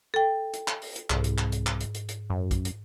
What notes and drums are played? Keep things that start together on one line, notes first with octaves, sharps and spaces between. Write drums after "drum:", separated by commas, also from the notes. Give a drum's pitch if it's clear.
A4 G5
drum: hi-hat
drum: clap
drum: open hi-hat
drum: hi-hat
C2 G#2, drum: clap
drum: hi-hat
drum: clap
drum: hi-hat
drum: clap
drum: hi-hat
drum: hi-hat
drum: hi-hat
F#2
drum: kick, hi-hat
drum: hi-hat